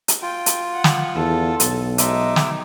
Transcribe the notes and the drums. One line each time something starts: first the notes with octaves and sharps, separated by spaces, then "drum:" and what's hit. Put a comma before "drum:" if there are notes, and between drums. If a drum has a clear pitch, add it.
drum: hi-hat
F4 G5
drum: hi-hat
F#5
drum: snare
E2 A4
B1, drum: hi-hat
G#3 D#4 E5 D6, drum: hi-hat
drum: snare